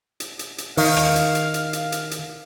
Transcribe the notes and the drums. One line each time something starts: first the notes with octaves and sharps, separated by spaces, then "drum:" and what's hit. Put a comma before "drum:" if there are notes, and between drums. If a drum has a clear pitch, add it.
drum: hi-hat
drum: hi-hat
drum: hi-hat
D#3 F5, drum: open hi-hat
drum: rim click
drum: hi-hat
drum: hi-hat
drum: hi-hat
drum: hi-hat
drum: hi-hat
drum: hi-hat